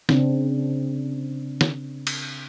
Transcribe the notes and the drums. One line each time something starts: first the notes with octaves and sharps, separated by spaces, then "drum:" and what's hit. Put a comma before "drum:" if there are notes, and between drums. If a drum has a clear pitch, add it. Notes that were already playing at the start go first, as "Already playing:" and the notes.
C#3 C4 D4, drum: snare
drum: snare
drum: cymbal